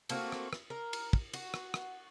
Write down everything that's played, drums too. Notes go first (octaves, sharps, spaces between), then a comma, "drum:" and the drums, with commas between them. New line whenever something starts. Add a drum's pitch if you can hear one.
A3 A#3 C4 F#4, drum: cymbal
drum: rim click
drum: rim click
A#4
drum: cymbal
drum: kick
F#4, drum: cymbal
drum: rim click
drum: rim click